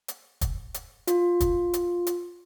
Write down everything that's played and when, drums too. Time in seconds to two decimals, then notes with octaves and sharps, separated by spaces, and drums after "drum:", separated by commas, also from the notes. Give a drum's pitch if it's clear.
0.08 drum: hi-hat
0.41 drum: kick, hi-hat
0.74 drum: hi-hat
1.07 F4, drum: hi-hat
1.40 drum: kick, hi-hat
1.74 drum: hi-hat
2.07 drum: hi-hat